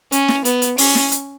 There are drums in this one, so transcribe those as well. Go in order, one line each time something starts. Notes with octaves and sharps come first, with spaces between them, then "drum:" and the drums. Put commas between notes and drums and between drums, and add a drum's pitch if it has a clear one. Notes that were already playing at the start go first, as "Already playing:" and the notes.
C#4, drum: hi-hat
drum: snare
B3, drum: hi-hat
drum: hi-hat
C#4, drum: open hi-hat
drum: snare
drum: hi-hat